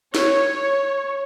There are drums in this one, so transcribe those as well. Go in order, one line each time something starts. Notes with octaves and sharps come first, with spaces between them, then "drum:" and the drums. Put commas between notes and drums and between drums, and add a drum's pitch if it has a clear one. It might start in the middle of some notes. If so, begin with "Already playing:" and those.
C#5, drum: snare